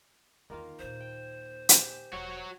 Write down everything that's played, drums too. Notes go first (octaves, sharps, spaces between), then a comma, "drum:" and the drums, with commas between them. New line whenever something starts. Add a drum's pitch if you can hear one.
E2 D3 D#3 A#3 F4
D#2 A#2 C5
G5
G4 G#4 G5, drum: hi-hat
E1 F#4 C#5